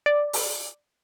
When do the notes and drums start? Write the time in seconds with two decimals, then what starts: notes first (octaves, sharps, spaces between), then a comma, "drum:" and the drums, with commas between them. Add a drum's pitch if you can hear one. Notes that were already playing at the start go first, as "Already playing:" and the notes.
0.06 D5
0.33 drum: open hi-hat